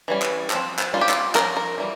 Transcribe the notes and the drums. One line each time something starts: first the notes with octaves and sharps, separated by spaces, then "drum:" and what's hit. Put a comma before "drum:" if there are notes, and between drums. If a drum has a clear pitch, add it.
E3 G3 C#4
drum: clap
F3 C4, drum: clap
drum: clap
G3 A#3 C#4 F4
G4
F4, drum: clap
F3 G#3 C#4 A#4, drum: clap
A#4
E3 G3